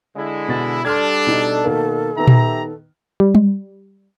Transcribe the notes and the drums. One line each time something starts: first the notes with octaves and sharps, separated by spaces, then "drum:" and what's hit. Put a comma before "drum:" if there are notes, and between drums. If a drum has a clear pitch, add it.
D3 G#3 E4
B2 A6
G3 D4 A4 C6 F6 G#6
B2 D#4
B2 D#3 A#3
D#3 B3 G4 E5 A#5
drum: tom A#2
G3
drum: tom G3